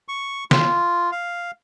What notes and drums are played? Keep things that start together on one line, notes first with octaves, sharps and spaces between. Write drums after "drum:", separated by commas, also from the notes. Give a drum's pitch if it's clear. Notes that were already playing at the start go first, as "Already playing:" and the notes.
C#6
F4, drum: snare
F5